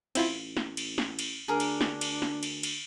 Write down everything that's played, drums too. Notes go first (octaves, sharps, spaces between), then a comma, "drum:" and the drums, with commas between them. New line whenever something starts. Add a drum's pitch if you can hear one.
A1 C4 E4 F4, drum: cymbal
drum: snare
drum: cymbal
drum: snare
drum: cymbal
D2 D4 G#4 A#4
drum: cymbal
drum: snare
drum: cymbal
drum: snare
drum: cymbal
drum: cymbal